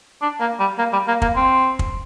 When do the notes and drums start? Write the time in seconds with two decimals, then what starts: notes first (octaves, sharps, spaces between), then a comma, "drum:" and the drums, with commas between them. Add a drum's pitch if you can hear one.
0.22 D4
0.40 A#3
0.59 G3
0.78 A#3
0.93 G3
1.08 A#3
1.22 A#3, drum: kick
1.36 C4
1.79 drum: kick